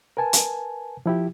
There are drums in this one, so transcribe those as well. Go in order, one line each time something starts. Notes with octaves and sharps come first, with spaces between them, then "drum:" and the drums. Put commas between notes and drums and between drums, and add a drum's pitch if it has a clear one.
A#4 B4 G#5 A5
drum: hi-hat
F3 E4 G4